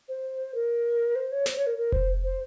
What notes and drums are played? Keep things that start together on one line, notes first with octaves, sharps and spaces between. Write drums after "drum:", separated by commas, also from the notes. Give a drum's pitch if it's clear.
C5
A#4
C5
C#5
C5, drum: snare
C#5
A#4
A#4
C5, drum: kick F1
C5